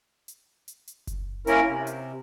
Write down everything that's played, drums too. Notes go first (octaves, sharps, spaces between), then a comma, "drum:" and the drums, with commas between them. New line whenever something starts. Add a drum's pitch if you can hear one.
drum: hi-hat
drum: hi-hat
drum: hi-hat
drum: kick F#1, hi-hat
A#3 C#4 E4 A#4, drum: hi-hat
C3
drum: hi-hat